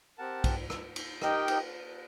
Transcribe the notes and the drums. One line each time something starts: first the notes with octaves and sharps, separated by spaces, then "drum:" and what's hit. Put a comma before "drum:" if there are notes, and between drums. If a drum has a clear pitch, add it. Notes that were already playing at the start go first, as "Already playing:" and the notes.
C4 G4 A#4 F#5 A5
drum: kick, cymbal
drum: rim click
drum: cymbal
D#4 G4 A#4 D#5 G5, drum: rim click
drum: cymbal